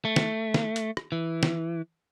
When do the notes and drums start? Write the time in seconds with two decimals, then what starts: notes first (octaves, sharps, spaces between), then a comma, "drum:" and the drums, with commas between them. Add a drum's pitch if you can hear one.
0.05 A3
0.16 drum: snare
0.54 drum: snare
0.76 drum: hi-hat
0.97 drum: rim click
1.12 E3
1.43 drum: snare